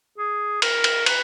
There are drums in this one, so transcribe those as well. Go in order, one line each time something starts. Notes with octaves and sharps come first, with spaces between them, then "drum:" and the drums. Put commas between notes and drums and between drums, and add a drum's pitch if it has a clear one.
G#4
A#4, drum: cymbal
drum: cymbal
B4, drum: cymbal